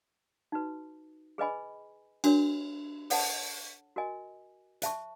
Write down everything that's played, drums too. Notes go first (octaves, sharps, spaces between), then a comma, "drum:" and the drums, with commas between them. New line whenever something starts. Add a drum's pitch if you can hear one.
D#4 F#4 B4
G#4 B4 D#5 G#5 B5
D4 F#4 A#4 C#5, drum: cymbal
A4 C#5 F#5 A5, drum: open hi-hat
F#4 A#4 D#5 G#5
C5 E5 A5 C#6, drum: hi-hat